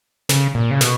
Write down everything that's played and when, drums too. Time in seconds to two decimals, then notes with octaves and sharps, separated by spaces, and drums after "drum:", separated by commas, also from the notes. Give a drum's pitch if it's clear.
0.29 C#3, drum: snare
0.55 A#2
0.71 C#3
0.81 B2, drum: snare